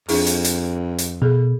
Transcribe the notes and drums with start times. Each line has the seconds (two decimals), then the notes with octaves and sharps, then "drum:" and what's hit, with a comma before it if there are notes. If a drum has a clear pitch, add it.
0.09 F2 D4 E4 G#4, drum: open hi-hat
0.27 drum: hi-hat
0.44 drum: hi-hat
0.98 drum: hi-hat
1.22 B2 G#4 A4